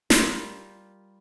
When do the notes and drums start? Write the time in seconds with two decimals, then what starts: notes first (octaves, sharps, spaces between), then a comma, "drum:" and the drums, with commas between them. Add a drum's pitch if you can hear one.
0.10 G3 F4 A#4, drum: snare